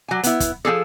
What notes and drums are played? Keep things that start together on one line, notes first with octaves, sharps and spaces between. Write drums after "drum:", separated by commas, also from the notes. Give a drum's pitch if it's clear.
F#3 G#5
B3 E4, drum: hi-hat
drum: kick, hi-hat
F3 C#4 G#4 A4